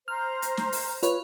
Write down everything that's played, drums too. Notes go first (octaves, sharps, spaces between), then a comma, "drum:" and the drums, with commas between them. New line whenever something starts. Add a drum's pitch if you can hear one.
C5 A#5 F6
drum: hi-hat
drum: snare
drum: open hi-hat
F4 B4 C#5, drum: hi-hat